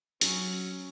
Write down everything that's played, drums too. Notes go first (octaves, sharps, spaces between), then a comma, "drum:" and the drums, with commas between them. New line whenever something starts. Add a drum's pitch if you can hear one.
F#3 C#4, drum: hi-hat